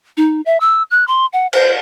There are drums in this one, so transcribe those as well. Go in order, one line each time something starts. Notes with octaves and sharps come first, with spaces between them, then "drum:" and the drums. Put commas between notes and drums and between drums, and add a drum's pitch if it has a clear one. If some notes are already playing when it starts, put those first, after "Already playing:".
D#4
E5
E6
F#6
C6
F#5
C5, drum: cymbal